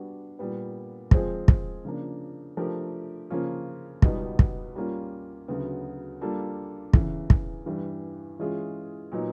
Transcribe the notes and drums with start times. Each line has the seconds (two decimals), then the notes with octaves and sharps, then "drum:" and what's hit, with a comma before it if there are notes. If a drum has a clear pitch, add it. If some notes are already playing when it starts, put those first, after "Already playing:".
Already playing: G3 B3 D4 F#4
0.39 A#2 G3 B3
1.11 F3 G#3 C4 F4 G#4, drum: kick
1.48 drum: kick
1.85 C#3 F3 A#3 D4
2.57 F3 A3 D4 G4 A#4
3.30 C#3 F3 A#3 C#4 F4
4.02 C#2 B2 G3 B3 D#4, drum: kick
4.39 drum: kick
4.75 G3 A#3 C#4 F4 A#4
5.48 D2 C#3 F#3 B3
6.21 G3 A#3 D4 F4 A4
6.93 E2 C#3 E3, drum: kick
7.30 drum: kick
7.66 G2 E3 G3
8.39 E3 G#3 C#4 F4 G#4
9.12 A#2 F#3 B3 D#4